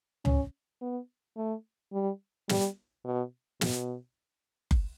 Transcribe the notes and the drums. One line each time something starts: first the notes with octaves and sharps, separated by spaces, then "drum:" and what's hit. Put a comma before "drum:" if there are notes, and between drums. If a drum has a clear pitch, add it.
C#4, drum: tom C#2
B3
A3
G3
G3, drum: snare
B2
B2, drum: snare
drum: kick F#1